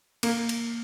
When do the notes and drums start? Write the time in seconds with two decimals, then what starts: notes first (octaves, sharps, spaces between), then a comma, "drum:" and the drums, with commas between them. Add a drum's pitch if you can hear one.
0.23 A#3, drum: cymbal
0.49 drum: cymbal